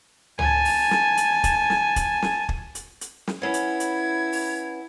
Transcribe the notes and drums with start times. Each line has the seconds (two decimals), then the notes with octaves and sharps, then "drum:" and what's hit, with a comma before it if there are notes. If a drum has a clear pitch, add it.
0.39 G#5 A5, drum: tom C#2
0.65 drum: open hi-hat
0.91 drum: snare
1.17 drum: hi-hat
1.44 drum: kick, hi-hat
1.70 drum: snare
1.96 drum: kick, hi-hat
2.22 drum: snare
2.49 drum: kick
2.75 drum: hi-hat
3.01 drum: hi-hat
3.27 drum: snare
3.42 B3 C#4 E4 G#6
3.54 drum: hi-hat
3.80 drum: hi-hat
4.32 drum: open hi-hat